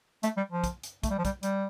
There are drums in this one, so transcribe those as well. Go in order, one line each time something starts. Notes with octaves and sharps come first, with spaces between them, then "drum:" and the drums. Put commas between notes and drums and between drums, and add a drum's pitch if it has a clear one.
A3, drum: hi-hat
G3
F3
drum: kick, hi-hat
drum: hi-hat
A3, drum: kick, hi-hat
G3
F3
G3, drum: kick, hi-hat
G3, drum: hi-hat